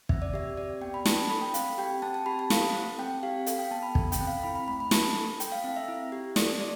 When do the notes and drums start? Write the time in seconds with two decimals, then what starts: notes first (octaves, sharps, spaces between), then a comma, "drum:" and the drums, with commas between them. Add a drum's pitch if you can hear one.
0.09 C4 E5, drum: kick
0.22 D5
0.34 G4 E5
0.57 G4 D5
0.81 B3 G5
0.94 B5
1.06 D4 A5, drum: snare
1.18 B5
1.30 A4 B5
1.42 G5
1.54 C4 F5, drum: hi-hat
1.78 G4 G5
2.02 C4 A5
2.14 A5
2.26 G4 B5
2.39 A5
2.50 A4 F5, drum: snare
2.74 C4
2.99 C4 G5
3.23 G4 F5
3.46 A4 F5, drum: hi-hat
3.59 G5
3.71 B3 A5
3.83 B5
3.95 A4, drum: kick
4.12 G5, drum: hi-hat
4.20 C4
4.27 F5
4.43 E4 B5
4.55 B5
4.68 A3 B5
4.80 B5
4.91 D4 A5, drum: snare
5.16 A4
5.40 A4 G5, drum: hi-hat
5.52 F5
5.64 C4 F5
5.77 E5
5.88 E4
6.12 G4
6.36 A4 D5, drum: snare
6.60 A3 D5